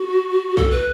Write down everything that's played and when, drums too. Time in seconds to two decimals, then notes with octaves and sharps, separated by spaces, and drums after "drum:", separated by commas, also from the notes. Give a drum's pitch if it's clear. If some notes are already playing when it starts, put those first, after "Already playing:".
Already playing: F#4
0.57 A4, drum: kick B1
0.71 B4